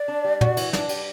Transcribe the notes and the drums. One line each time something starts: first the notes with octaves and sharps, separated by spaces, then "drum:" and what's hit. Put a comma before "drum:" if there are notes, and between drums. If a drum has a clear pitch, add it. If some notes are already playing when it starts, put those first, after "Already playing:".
Already playing: D5
D4
G3
F#4, drum: tom
E3, drum: cymbal
D4, drum: snare
G3, drum: cymbal